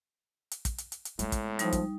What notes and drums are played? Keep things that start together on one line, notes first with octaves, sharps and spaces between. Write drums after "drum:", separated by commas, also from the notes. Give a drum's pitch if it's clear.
drum: hi-hat
drum: kick, hi-hat
drum: hi-hat
drum: hi-hat
drum: hi-hat
A2 G#3 B3, drum: hi-hat
drum: kick, hi-hat
F3 G3 D#4, drum: hi-hat
drum: kick, hi-hat